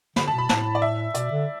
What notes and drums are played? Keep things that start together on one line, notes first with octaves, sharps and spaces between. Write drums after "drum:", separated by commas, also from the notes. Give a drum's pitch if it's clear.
D3 B5, drum: snare
A5
B2
B5
A2 A5, drum: snare
D5
E5
B2 D5, drum: hi-hat
D3